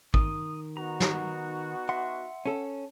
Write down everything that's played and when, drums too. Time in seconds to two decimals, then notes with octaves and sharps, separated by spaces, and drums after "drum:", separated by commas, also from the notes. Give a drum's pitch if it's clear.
0.14 D#3 D#6, drum: kick
0.77 B3 D#4 F#4 A#5
1.00 drum: snare
1.89 E5 F#5 C6
2.46 C#4 A4